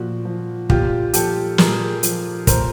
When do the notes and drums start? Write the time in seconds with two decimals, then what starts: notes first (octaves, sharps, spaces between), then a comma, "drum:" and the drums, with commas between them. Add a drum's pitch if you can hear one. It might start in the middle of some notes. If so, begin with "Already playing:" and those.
Already playing: A#2 F3 F#4
0.25 F3
0.70 A#2 F4 G4, drum: kick
1.13 F3 G4 A4, drum: hi-hat
1.58 A#2 G#4 A#4, drum: snare
2.03 F3, drum: hi-hat
2.47 A#2 A#4 C5, drum: kick, hi-hat